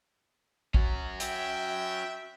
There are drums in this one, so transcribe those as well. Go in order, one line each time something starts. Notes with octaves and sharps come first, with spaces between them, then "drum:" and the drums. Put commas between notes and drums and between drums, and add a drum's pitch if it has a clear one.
C#4 F#4, drum: kick
E5 G5, drum: hi-hat